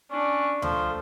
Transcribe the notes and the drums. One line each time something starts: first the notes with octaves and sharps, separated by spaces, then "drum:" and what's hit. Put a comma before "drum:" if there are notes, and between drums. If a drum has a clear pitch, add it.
C#4 D4
F3 A3, drum: tom D2